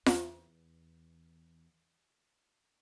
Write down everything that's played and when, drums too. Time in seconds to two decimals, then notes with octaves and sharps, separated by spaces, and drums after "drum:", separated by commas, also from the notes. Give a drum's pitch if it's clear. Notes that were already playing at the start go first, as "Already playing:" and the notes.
0.06 E2, drum: snare F4